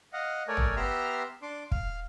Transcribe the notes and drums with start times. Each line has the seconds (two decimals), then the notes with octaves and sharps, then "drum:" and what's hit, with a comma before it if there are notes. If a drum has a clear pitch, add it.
0.13 D#5 F5 F#5
0.48 A3 A#4 C#5 D5 G#5
0.57 drum: tom
0.76 B3 G4 E5 A#5 C6 F6
1.42 D4 C6 D6
1.72 F5, drum: kick